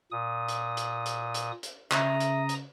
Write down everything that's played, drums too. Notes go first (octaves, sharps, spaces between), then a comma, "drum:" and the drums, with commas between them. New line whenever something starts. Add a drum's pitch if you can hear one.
A#2 D#6
drum: hi-hat
drum: hi-hat
drum: hi-hat
drum: hi-hat
drum: hi-hat
C#3 E5 A#5 D#6, drum: clap
drum: hi-hat
drum: hi-hat